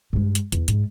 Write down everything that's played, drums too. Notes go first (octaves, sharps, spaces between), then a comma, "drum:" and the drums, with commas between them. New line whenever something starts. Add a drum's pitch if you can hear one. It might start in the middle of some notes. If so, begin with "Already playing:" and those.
G2 G#3
drum: hi-hat
E2, drum: hi-hat
G#2, drum: hi-hat